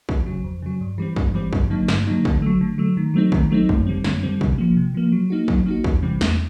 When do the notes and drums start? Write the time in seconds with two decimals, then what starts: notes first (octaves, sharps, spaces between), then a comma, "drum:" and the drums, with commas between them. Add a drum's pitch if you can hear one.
0.09 F2, drum: kick
0.26 C#3 F#3
0.44 F2
0.62 C#3 F#3
0.81 G2
0.98 E3 G3 C4
1.16 G2, drum: kick
1.34 E3 G3 C4
1.53 G2, drum: kick
1.70 D3 F#3 A#3 D#4
1.88 G2, drum: snare
2.07 D3 F#3 A#3 D#4
2.25 D3, drum: kick
2.42 F#3 A3
2.61 D3
2.78 F#3 A3
2.97 D#3
3.14 F#3 A3 C4 D#4
3.32 D#3, drum: kick
3.51 F#3 A3 C4 D#4
3.69 F#2, drum: kick
3.87 D3 G3 C4
4.04 F#2, drum: snare
4.23 D3 G3 C4
4.41 C3, drum: kick
4.58 F3 A#3
4.77 C3
4.94 F3 A#3
5.12 F#3
5.30 A#3 D#4 F#4
5.48 F#3, drum: kick
5.66 A#3 D#4 F#4
5.84 E2, drum: kick
6.02 C3 E3 G3 C4
6.21 E2, drum: snare